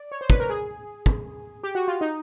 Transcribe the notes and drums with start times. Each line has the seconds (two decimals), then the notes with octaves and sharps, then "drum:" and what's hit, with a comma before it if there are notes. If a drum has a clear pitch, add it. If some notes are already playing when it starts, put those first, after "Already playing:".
Already playing: D5
0.12 C#5
0.21 C5
0.30 B4, drum: kick
0.40 A#4
0.50 G#4
1.06 drum: kick
1.63 G4
1.75 F#4
1.88 F4
2.01 D#4